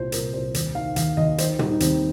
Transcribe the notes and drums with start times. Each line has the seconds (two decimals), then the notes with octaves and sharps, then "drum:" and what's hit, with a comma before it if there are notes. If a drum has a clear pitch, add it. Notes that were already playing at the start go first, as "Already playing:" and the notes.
Already playing: C2 A#2 C5
0.12 C2 A#4, drum: hi-hat
0.33 C2 C5
0.54 D#2 C5, drum: hi-hat
0.75 D#3 F5
0.96 D#2 F5, drum: hi-hat
1.17 D#2 D#5
1.38 D#3 C5, drum: hi-hat
1.59 G3 D#4, drum: tom
1.71 D#4
1.80 D#2 C4, drum: hi-hat